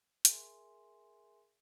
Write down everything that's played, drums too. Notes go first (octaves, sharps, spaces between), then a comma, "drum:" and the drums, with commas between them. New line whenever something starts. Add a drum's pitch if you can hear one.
G#4 A#4 E5 G#5 C6, drum: hi-hat